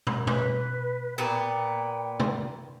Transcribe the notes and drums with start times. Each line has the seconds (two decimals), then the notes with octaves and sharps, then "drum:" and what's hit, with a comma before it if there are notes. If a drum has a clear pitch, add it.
0.07 drum: tom
0.27 B4, drum: tom
1.18 A#2 B3 G5
2.20 drum: tom C3